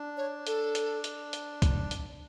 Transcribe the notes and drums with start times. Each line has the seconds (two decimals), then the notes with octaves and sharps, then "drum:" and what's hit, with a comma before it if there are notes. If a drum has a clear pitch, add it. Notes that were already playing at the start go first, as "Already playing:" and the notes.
Already playing: D4
0.17 C#5
0.47 A4, drum: hi-hat
0.75 drum: hi-hat
1.04 drum: hi-hat
1.33 drum: hi-hat
1.62 drum: kick, hi-hat
1.91 drum: hi-hat